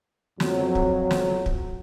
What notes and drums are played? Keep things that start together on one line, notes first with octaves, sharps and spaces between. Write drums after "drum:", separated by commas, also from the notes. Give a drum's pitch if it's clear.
F2 F#3, drum: snare
drum: kick
drum: snare
drum: kick